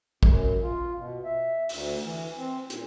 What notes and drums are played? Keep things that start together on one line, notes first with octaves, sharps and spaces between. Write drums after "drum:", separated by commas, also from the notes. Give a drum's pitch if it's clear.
F#2, drum: kick
F4
B2
E5
D2, drum: open hi-hat
E3
C4
A#2, drum: hi-hat